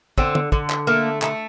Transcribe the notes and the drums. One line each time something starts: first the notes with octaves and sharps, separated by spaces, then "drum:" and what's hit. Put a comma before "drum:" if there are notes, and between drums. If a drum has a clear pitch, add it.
D3 C4, drum: kick
drum: tom
D3, drum: kick
drum: clap
A3 A#3
A3, drum: clap